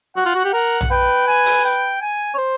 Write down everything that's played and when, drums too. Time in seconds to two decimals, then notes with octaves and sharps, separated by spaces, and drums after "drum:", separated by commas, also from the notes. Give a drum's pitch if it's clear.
0.17 F#4 F#5
0.25 F4
0.35 F#4
0.45 G4
0.53 A#4 F#5
0.81 drum: tom A#1
0.91 B4 G5
1.28 G#5
1.46 drum: open hi-hat
1.64 G5
2.01 G#5
2.34 C#5
2.38 C5